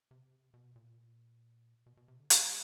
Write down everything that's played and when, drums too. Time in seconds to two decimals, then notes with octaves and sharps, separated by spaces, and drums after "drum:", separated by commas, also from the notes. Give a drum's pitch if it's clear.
0.11 C3
0.54 B2
0.76 A#2
1.86 B2
1.97 B2
2.08 C3
2.20 D3
2.30 G3, drum: hi-hat